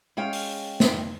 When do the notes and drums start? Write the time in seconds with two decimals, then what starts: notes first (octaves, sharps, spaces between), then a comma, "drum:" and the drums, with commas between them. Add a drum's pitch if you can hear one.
0.17 G#3 C#4 F5 G5
0.33 drum: open hi-hat
0.80 drum: snare